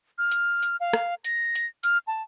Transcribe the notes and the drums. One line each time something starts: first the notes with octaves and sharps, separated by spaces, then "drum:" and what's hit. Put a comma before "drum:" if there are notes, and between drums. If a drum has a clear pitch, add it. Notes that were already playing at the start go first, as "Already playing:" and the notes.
F6
drum: hi-hat
drum: hi-hat
F5
drum: rim click
A#6, drum: hi-hat
drum: hi-hat
F6, drum: hi-hat
A5